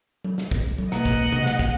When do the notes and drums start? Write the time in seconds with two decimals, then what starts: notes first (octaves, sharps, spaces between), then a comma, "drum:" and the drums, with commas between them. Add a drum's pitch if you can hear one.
0.24 drum: tom F#3
0.38 drum: snare
0.51 drum: kick
0.78 drum: tom F#3
0.92 B2 A#3 D#5 F#5, drum: snare
1.05 drum: kick, hi-hat
1.32 drum: tom C3
1.46 drum: snare
1.59 drum: kick, hi-hat